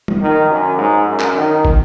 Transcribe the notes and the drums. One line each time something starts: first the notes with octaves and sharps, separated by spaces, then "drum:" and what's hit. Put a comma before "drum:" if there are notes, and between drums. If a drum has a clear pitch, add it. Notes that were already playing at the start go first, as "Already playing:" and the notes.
drum: tom
D#3
F#2
G#2
F#2
drum: clap
D#3
drum: kick